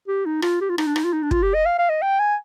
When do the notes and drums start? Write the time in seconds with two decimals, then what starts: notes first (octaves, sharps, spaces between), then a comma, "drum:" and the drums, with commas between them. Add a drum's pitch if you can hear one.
0.08 G4
0.26 D#4
0.42 F4, drum: rim click
0.61 G4
0.69 F4
0.78 D#4, drum: rim click
0.87 D4
0.96 D#4, drum: rim click
1.04 F4
1.13 D#4
1.23 D4
1.31 F4, drum: kick
1.43 G4
1.54 D#5
1.66 F5
1.79 F5
1.90 D#5
2.02 G5
2.20 G#5